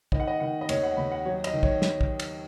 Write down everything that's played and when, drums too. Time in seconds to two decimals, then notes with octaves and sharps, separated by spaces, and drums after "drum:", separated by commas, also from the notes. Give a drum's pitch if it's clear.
0.12 D#3 D#5, drum: kick
0.20 F#5
0.27 D#5
0.40 D#3 F#5
0.61 D#5
0.69 D#2 C#5, drum: cymbal
0.83 F#5
0.97 D#2 B5
1.12 F#5
1.25 F#3 C#5
1.44 D#5, drum: cymbal
1.54 D#3
1.63 C#5, drum: kick
1.82 drum: snare
2.01 drum: kick
2.20 drum: cymbal